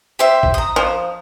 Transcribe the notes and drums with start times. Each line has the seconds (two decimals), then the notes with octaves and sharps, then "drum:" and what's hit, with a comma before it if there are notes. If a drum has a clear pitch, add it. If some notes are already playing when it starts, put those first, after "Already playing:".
0.19 G4 C5 E5
0.43 drum: kick
0.54 D#5 A#5
0.76 F3